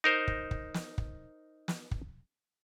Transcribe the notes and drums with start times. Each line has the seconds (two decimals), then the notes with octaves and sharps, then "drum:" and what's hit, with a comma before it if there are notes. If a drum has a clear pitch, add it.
0.04 D#4 A#4 C5
0.28 drum: kick
0.51 drum: kick
0.74 drum: snare
0.98 drum: kick
1.68 drum: snare
1.91 drum: kick